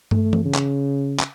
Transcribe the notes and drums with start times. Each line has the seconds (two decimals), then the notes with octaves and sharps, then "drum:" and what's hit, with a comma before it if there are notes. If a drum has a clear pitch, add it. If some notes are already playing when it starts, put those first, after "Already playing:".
0.11 A3, drum: tom
0.33 drum: tom E3
0.45 C#3
0.55 drum: clap
1.20 drum: clap